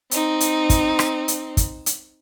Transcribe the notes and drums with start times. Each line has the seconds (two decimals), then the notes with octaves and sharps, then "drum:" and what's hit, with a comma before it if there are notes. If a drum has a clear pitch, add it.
0.11 C4 D#4, drum: hi-hat
0.40 drum: hi-hat
0.70 drum: kick, hi-hat
0.99 drum: rim click
1.28 drum: hi-hat
1.57 drum: kick, hi-hat
1.86 drum: hi-hat